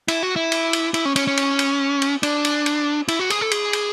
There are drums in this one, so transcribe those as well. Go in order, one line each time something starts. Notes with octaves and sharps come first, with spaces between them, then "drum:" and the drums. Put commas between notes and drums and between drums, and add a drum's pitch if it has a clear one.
E4, drum: cymbal
F#4
E4
drum: cymbal
drum: cymbal
E4, drum: cymbal
C#4
C#4, drum: cymbal
C#4
drum: cymbal
drum: cymbal
drum: cymbal
D4, drum: cymbal
drum: cymbal
drum: cymbal
E4, drum: cymbal
F#4
G#4, drum: cymbal
A4
G#4, drum: cymbal
drum: cymbal